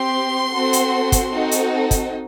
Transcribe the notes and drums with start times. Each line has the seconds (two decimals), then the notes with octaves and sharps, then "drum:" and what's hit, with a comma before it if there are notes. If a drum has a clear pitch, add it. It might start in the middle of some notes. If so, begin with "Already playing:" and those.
Already playing: C4 G4 C6
0.53 C4 F#4 A4
0.73 drum: hi-hat
1.12 drum: kick, hi-hat
1.32 C4 D#4 F#4 A4
1.51 drum: hi-hat
1.91 drum: kick, hi-hat